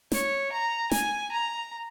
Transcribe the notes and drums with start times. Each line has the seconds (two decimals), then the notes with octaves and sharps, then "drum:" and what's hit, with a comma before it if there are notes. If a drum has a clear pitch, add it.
0.12 C#5, drum: snare
0.52 A#5
0.91 G#5, drum: snare
1.32 A#5